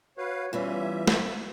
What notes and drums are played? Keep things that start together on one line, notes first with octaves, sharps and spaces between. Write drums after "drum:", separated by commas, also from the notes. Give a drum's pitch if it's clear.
F#4 B4 C#5 F5
E2 E3 G3 C#4 F4 E5
drum: snare